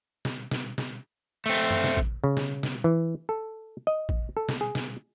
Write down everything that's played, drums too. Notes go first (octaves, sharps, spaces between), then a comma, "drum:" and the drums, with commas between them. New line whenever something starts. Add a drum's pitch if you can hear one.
drum: snare
drum: snare
drum: snare
A3 C4
drum: tom F#2
drum: snare
drum: kick A1
C#3
drum: snare
drum: snare
E3
A4
D#5
drum: kick A1
A4
drum: snare
G#4
drum: snare